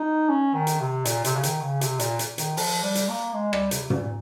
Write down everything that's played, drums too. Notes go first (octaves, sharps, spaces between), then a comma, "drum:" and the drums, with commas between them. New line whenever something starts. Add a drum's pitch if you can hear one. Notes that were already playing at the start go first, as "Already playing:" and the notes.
Already playing: D#4
C#4
D#3
drum: hi-hat
C3
A#2, drum: hi-hat
C3, drum: hi-hat
C#3
D#3, drum: hi-hat
C#3
C3, drum: hi-hat
A#2, drum: hi-hat
drum: hi-hat
D#3, drum: hi-hat
F3, drum: open hi-hat
G3
drum: hi-hat
A#3
G#3
G3, drum: rim click
C3, drum: hi-hat
A#2, drum: tom